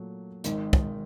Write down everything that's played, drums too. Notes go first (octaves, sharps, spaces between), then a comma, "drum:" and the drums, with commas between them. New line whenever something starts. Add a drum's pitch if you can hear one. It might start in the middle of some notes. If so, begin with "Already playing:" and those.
Already playing: A#2 F#3 A3
G#1 G#2 D#3, drum: hi-hat
drum: kick